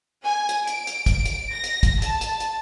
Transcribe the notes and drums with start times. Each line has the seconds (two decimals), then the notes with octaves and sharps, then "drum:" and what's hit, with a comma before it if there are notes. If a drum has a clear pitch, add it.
0.25 G#5
0.49 drum: hi-hat
0.67 D7, drum: hi-hat
0.87 drum: hi-hat
1.06 drum: kick, hi-hat
1.25 drum: hi-hat
1.53 A#6
1.64 drum: hi-hat
1.83 drum: kick, hi-hat
2.02 A5, drum: hi-hat
2.21 drum: hi-hat
2.40 drum: hi-hat